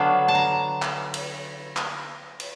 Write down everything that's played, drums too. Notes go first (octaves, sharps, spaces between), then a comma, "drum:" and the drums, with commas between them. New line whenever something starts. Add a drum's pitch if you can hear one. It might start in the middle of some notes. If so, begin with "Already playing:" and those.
Already playing: D3 F#3 B3 D4 F5
A5
A#5
drum: clap
drum: cymbal
drum: clap
drum: cymbal